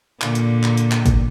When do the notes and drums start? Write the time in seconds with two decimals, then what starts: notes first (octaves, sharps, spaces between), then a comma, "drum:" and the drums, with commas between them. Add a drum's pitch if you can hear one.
0.21 A#2 D3, drum: clap
0.35 drum: hi-hat
0.63 drum: clap
0.77 drum: hi-hat
0.92 drum: clap
1.06 drum: kick, hi-hat